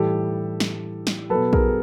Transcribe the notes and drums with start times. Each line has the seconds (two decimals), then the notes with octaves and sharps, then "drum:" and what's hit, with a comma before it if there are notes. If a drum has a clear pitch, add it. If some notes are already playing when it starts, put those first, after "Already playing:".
Already playing: A2 E3 G3 G4 A4
0.60 drum: snare
1.07 drum: snare
1.30 B2 F#3 A4 B4
1.53 G#4 A#4, drum: kick A#1